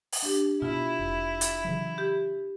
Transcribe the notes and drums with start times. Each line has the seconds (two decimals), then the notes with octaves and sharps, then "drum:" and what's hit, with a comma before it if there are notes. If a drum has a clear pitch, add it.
0.12 drum: open hi-hat
0.23 D4 G4
0.62 B2 E4 F4
0.99 F1
1.41 drum: hi-hat
1.64 C#3 E3 F#3
1.98 G4